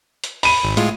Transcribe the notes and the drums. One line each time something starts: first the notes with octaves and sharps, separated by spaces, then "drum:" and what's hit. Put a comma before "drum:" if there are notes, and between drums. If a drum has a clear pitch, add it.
drum: hi-hat
B5 D#7, drum: open hi-hat
G#1
A2 G#3 F4, drum: hi-hat